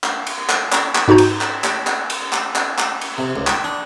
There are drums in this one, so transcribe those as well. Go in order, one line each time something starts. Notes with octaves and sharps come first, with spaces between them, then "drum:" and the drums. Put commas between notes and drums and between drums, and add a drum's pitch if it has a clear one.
drum: clap
drum: cymbal
drum: clap
drum: clap
drum: clap
G#2 D#4 F#4 A#5 G6
drum: cymbal
drum: clap
drum: clap
drum: clap
drum: cymbal
drum: clap
drum: clap
drum: clap
drum: cymbal
C3
C#2
G5, drum: clap
D4